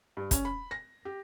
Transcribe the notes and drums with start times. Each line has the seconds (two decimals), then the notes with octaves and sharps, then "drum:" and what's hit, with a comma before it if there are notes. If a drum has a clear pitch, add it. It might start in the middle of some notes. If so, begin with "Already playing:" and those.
0.17 G2
0.31 C#4, drum: kick, hi-hat
0.45 B5
0.71 A#6
1.05 G4